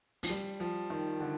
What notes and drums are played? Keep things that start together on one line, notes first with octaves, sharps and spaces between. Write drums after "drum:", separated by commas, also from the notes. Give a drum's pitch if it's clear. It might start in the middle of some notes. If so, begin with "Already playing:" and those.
F3, drum: open hi-hat
G3
F3
D#3
D3